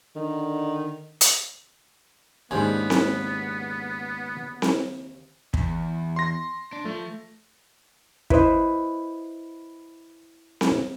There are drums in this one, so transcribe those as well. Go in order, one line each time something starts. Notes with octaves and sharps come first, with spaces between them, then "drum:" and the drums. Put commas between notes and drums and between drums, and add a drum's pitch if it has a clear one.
D3 D#3
drum: hi-hat
D#2 G#2 C#3 B3 D4 C5 G#5
drum: snare C4
drum: snare C4
E2, drum: kick
C6 A#6
D4
F3 A3
E4 B4 C5 D#5, drum: kick
drum: snare C4